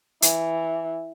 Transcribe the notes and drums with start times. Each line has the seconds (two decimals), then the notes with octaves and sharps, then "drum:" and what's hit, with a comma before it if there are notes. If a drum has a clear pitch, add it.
0.22 E3, drum: hi-hat